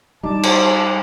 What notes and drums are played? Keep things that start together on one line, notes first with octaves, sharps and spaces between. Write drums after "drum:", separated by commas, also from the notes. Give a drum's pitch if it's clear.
G3 D#4 A5 D6
drum: cymbal